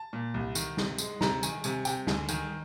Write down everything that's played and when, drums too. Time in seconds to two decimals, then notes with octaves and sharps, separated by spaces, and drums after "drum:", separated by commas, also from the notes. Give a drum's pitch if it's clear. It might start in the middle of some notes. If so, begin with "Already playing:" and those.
Already playing: A5
0.13 A#2
0.34 C2
0.55 D#3, drum: tambourine
0.77 C3, drum: snare
0.98 G#3, drum: tambourine
1.21 C3 A#5, drum: snare
1.43 D#3 G#5, drum: tambourine
1.64 C3 G#5, drum: tambourine
1.85 C3 G5, drum: tambourine
2.07 D2 G#5, drum: snare
2.29 D#3 G#5, drum: tambourine